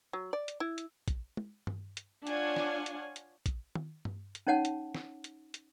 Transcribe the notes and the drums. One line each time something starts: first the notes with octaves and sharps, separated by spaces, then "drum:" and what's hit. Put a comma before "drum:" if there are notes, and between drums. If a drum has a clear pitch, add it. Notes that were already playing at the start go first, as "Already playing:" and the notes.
F#3
D5
drum: hi-hat
E4
drum: hi-hat
drum: kick A#1, hi-hat
drum: tom
drum: tom G2
drum: hi-hat
D4 F4 C#5 F5 F#5 G#5, drum: hi-hat
drum: snare
drum: hi-hat
drum: hi-hat
drum: kick A#1, hi-hat
drum: tom
drum: tom G2
drum: hi-hat
C#4 D#4 C#5 F#5 A5
drum: hi-hat
drum: snare
drum: hi-hat
drum: hi-hat